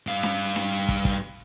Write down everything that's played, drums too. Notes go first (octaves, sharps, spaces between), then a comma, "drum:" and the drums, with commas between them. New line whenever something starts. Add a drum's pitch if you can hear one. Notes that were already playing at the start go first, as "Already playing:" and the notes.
G2 F5
drum: snare C#4
drum: snare C#4
drum: kick
drum: kick